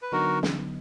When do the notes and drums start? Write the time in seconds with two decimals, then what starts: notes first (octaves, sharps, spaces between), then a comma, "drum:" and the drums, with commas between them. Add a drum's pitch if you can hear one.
0.02 B4
0.12 D3 F#3 B3 D#4 F#4 A#4
0.43 drum: snare